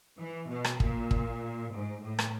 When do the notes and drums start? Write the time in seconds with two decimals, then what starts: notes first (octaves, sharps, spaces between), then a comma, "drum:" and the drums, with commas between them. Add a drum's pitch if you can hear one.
0.18 E3
0.49 B2
0.64 drum: rim click
0.80 A#2, drum: kick
1.11 drum: kick
1.72 G#2
2.03 A2
2.19 drum: rim click